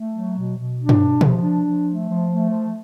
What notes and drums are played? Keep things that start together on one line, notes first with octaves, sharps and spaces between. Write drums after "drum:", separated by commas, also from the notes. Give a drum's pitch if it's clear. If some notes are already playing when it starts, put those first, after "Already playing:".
Already playing: A3
F#3
B2
B2
D4
drum: tom G2
B2
F3, drum: tom B2
D4
F3
A3
F3
A3
F3